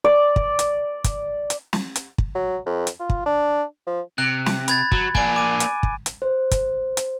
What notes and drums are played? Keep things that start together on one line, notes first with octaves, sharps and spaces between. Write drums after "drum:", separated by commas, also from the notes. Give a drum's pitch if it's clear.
D5
drum: kick
drum: hi-hat
drum: kick, hi-hat
drum: hi-hat
drum: snare
drum: hi-hat
drum: kick
F#3
F2
drum: hi-hat
F4
drum: kick
D4
F3
C3 F#6
drum: snare
B5 G#6 A6, drum: hi-hat
F#3, drum: kick
A#3 D4 G#5 D7, drum: kick
D6 D#7
drum: hi-hat
drum: kick
drum: hi-hat
C5
drum: kick, hi-hat
drum: hi-hat